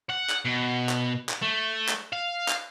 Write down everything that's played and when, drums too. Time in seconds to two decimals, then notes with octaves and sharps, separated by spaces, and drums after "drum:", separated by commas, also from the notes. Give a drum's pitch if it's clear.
0.10 F#5
0.30 drum: clap
0.45 B2
0.89 drum: clap
1.29 drum: clap
1.42 A3
1.89 drum: clap
2.13 F5
2.48 drum: clap